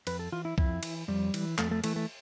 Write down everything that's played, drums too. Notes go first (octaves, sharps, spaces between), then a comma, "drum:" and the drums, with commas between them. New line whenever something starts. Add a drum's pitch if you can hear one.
F2 B4, drum: cymbal
A4
E3 F4
E4
F2 E4, drum: kick C2
E3, drum: cymbal
F2 G3
E3, drum: cymbal
F2 A3, drum: clap
A3
E3 A3, drum: cymbal
A3